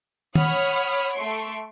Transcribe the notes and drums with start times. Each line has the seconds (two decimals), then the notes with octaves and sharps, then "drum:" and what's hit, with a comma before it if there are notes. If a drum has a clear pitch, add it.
0.35 C#5 F#5 B5 D#6 F6, drum: tom
1.14 A3 C6 C#6 D7